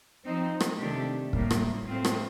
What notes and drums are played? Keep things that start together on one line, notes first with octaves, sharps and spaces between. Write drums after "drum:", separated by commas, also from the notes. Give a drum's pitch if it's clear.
F3 C4 D#4
drum: rim click
C3 D#3 A3 D4 G4
A2 G3 A#3, drum: kick
drum: rim click
A2 A3 C4 F4
drum: rim click